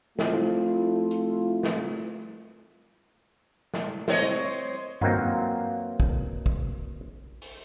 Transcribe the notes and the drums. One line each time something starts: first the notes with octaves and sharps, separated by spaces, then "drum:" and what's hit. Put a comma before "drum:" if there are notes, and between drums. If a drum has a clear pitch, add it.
F3 A3 C4 E4 F4, drum: snare
drum: hi-hat
drum: snare
drum: snare
C4 C#5 D#5, drum: snare
E3 F#3 A#3 C4 D#4 F4, drum: tom G2
drum: kick
drum: kick
drum: open hi-hat